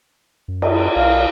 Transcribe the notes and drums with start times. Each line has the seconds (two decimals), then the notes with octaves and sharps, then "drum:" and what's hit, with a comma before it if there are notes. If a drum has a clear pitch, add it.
0.48 F#2
0.62 drum: cymbal
0.96 B1 F5